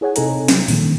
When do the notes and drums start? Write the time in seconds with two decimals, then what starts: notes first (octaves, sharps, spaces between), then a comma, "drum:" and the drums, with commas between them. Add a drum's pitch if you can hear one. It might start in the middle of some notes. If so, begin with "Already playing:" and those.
0.01 E4 G#4 C#5 F#5 G#5
0.16 C3 C4 D#4 A4 G#5 A#5, drum: hi-hat
0.48 F#3 G3, drum: snare
0.68 A#2 D#3 F3, drum: open hi-hat